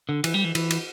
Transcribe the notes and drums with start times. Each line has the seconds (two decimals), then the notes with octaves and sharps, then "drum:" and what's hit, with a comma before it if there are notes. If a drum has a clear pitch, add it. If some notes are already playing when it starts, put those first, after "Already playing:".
0.09 D3
0.24 E3, drum: cymbal
0.34 G3
0.44 E3
0.55 E3, drum: cymbal
0.71 drum: cymbal